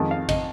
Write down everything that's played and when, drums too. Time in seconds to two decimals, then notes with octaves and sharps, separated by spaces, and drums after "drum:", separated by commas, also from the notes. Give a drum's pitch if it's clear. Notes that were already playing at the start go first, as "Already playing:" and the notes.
Already playing: F2 D#3 G#3
0.11 F5
0.29 D#5, drum: kick A1, cymbal